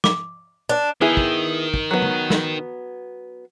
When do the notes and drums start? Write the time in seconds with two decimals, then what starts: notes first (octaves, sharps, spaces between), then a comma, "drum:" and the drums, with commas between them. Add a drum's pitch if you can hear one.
0.04 D6, drum: snare
0.69 D4
1.01 D#3 B3 E4 G#4
1.17 drum: kick
1.74 drum: kick
1.91 F#3 B3
2.02 drum: tom
2.30 drum: snare